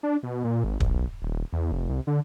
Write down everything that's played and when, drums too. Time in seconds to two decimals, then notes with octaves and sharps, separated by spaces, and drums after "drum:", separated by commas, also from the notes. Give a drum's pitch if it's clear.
0.03 D4
0.23 B2
0.44 A#2
0.64 G#1
0.80 B1, drum: kick
1.22 D#1
1.52 E2
1.72 F1
1.89 C2
2.07 D3